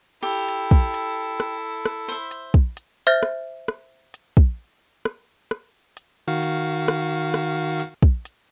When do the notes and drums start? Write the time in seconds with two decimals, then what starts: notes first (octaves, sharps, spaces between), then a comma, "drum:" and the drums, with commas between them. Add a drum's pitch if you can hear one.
0.23 E4 G4 A4
0.48 drum: hi-hat
0.71 drum: kick
0.94 drum: hi-hat
1.40 drum: rim click
1.86 drum: rim click
2.08 C5 E5
2.31 drum: hi-hat
2.54 drum: kick
2.77 drum: hi-hat
3.07 C5 E5 F6 G6 A6 A#6
3.23 drum: rim click
3.68 drum: rim click
4.14 drum: hi-hat
4.37 drum: kick
5.05 drum: rim click
5.51 drum: rim click
5.97 drum: hi-hat
6.27 D#3 F#4 F5
6.43 drum: hi-hat
6.88 drum: rim click
7.34 drum: rim click
7.80 drum: hi-hat
8.03 drum: kick
8.25 drum: hi-hat